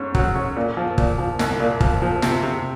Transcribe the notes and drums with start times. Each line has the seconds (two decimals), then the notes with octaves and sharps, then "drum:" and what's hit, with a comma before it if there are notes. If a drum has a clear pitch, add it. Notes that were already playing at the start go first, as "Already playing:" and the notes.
Already playing: G#2 C#4
0.15 F#3, drum: kick
0.35 C#4
0.56 A#2
0.77 F3
0.98 A#2, drum: kick
1.18 F3
1.39 C2, drum: snare
1.60 A#2
1.80 F3, drum: kick
2.02 F3
2.22 C3, drum: snare
2.43 C3